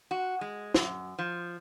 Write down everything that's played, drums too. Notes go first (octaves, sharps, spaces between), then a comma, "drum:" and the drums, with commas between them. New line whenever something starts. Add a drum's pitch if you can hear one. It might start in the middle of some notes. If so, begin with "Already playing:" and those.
F#4
G#3
F#2, drum: snare
F3